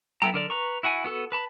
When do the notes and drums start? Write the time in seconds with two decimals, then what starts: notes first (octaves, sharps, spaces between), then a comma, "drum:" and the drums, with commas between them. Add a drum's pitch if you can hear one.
0.22 B3 E4 A4 G5 A#5, drum: tom F#3
0.34 D3 A#4 D5
0.50 B4 A#5 C#6
0.83 E4 F#4 F#5 G#5
1.04 B3 F#4 A4 B4
1.32 B4 A5 B5